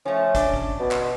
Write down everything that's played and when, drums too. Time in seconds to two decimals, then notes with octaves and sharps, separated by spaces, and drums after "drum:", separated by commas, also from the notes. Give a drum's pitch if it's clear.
0.05 F3 A3 C#4
0.35 D4, drum: kick, hi-hat
0.54 drum: kick
0.80 B2
0.91 drum: clap